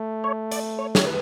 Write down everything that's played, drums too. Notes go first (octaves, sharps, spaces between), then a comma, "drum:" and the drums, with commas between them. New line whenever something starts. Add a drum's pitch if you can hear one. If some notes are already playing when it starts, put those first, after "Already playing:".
Already playing: A3
C#5
D5, drum: hi-hat
C#5
C#5, drum: snare
B4